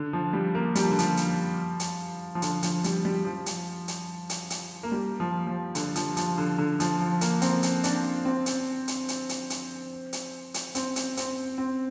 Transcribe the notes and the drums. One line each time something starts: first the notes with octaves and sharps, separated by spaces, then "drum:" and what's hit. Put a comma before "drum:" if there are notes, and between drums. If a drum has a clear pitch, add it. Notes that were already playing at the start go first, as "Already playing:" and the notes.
Already playing: D3
F3
G3
A#3
G3, drum: hi-hat
F3
D3
F3, drum: hi-hat
drum: hi-hat
drum: hi-hat
F3
D3, drum: hi-hat
F3, drum: hi-hat
G3, drum: hi-hat
G3
F3
drum: hi-hat
drum: hi-hat
drum: hi-hat
drum: hi-hat
A#3
G3
F3
F3
D3, drum: hi-hat
F3, drum: hi-hat
F3, drum: hi-hat
D3
D3
F3, drum: hi-hat
F3
A#3, drum: hi-hat
C4, drum: hi-hat
drum: hi-hat
D4, drum: hi-hat
C4
drum: hi-hat
drum: hi-hat
drum: hi-hat
drum: hi-hat
drum: hi-hat
drum: hi-hat
drum: hi-hat
C4, drum: hi-hat
drum: hi-hat
C4, drum: hi-hat
C4